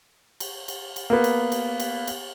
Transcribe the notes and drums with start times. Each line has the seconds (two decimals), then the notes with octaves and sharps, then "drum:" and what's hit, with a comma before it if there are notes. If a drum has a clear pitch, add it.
0.40 drum: cymbal
0.68 drum: cymbal
0.96 drum: cymbal
1.10 A#3 B3
1.24 drum: cymbal
1.52 drum: cymbal
1.80 drum: cymbal
2.07 drum: cymbal